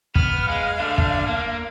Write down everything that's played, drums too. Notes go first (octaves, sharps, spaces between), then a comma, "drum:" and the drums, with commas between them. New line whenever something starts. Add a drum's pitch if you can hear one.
B3 F6, drum: kick
G#3 F5
D3 A3
drum: kick
A#3